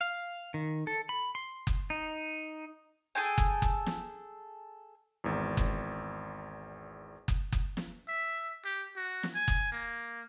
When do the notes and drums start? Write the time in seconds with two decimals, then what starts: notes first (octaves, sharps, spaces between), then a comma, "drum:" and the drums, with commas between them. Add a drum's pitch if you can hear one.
0.01 F5
0.54 D#3
0.87 A4
1.09 B5
1.35 C6
1.67 drum: kick F#1
1.90 D#4
3.15 G#4 A4 G5 G#5
3.38 drum: kick F#1
3.62 drum: kick F#1
3.86 drum: snare
5.24 G#1 E2
5.57 drum: kick F#1
7.28 drum: kick F#1
7.52 drum: kick F#1
7.77 drum: snare
8.08 E5
8.65 G4
8.96 F#4
9.23 drum: snare
9.35 G#5
9.48 drum: kick F#1
9.72 A#3